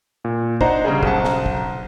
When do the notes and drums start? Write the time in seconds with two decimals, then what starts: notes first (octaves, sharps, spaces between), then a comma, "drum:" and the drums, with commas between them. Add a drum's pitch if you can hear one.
0.24 A#2
0.61 D4 D#4 C5 F#5 A#5, drum: kick
0.84 C#3 G3 G#4
1.03 B1 F#5 A5, drum: kick
1.25 drum: snare
1.46 drum: kick